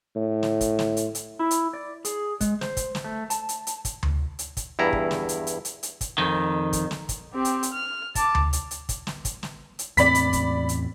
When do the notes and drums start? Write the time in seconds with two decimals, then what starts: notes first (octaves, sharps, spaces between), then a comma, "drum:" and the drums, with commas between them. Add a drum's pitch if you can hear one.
0.16 A2
0.43 drum: snare
0.61 drum: kick, hi-hat
0.79 drum: snare
0.97 drum: hi-hat
1.15 drum: hi-hat
1.39 E4
1.51 drum: hi-hat
1.74 D5
2.05 G#4, drum: hi-hat
2.41 G#3, drum: kick, hi-hat
2.61 C5, drum: snare
2.77 drum: kick, hi-hat
2.95 drum: snare
3.04 A3
3.30 A5, drum: hi-hat
3.49 drum: hi-hat
3.67 drum: hi-hat
3.85 drum: kick, hi-hat
4.03 drum: tom D2
4.39 drum: hi-hat
4.57 drum: kick, hi-hat
4.79 E2 G2 E4 A#5
4.93 drum: kick
5.11 drum: snare
5.29 drum: hi-hat
5.47 drum: hi-hat
5.65 drum: hi-hat
5.83 drum: hi-hat
6.01 drum: kick, hi-hat
6.18 F2 D#3
6.73 drum: kick, hi-hat
6.91 drum: snare
7.09 drum: kick, hi-hat
7.33 C4 G4
7.45 drum: hi-hat
7.63 drum: hi-hat
7.72 F6
8.15 A5 D6, drum: kick, hi-hat
8.35 drum: tom D2
8.53 drum: hi-hat
8.71 drum: hi-hat
8.89 drum: kick, hi-hat
9.07 drum: snare
9.25 drum: kick, hi-hat
9.43 drum: snare
9.79 drum: hi-hat
9.97 E2 A2 C4 D5 B5 B6, drum: hi-hat
10.15 drum: hi-hat
10.33 drum: kick, hi-hat
10.69 drum: hi-hat